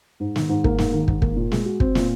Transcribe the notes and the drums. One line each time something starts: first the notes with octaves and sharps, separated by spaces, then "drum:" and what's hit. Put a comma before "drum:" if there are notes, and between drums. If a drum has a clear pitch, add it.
G#2
D#3, drum: snare
G#2
A#3, drum: kick
G#2, drum: snare
D#3
G#2, drum: kick
A#3, drum: kick
A#2
G#3, drum: snare
F#4
C4, drum: kick
A#2, drum: snare